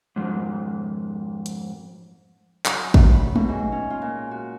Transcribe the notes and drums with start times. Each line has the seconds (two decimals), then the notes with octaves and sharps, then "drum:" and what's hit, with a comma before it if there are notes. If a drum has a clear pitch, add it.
0.16 F2 G#2
1.46 drum: hi-hat
2.65 F#3, drum: clap
2.94 A3, drum: kick
3.15 B5
3.36 B2, drum: tom G#3
3.48 G#2
3.72 C#4
3.90 F4
4.02 A#2
4.31 F#4